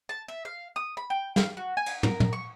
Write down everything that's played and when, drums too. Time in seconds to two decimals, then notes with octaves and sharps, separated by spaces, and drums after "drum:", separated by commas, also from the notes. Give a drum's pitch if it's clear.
0.09 A5
0.28 E5
0.45 F5
0.76 D#6
0.97 B5
1.10 G5
1.36 F5, drum: snare
1.57 F#4
1.77 G#5
1.86 drum: cymbal
2.03 A#4, drum: tom
2.20 drum: tom
2.33 C#6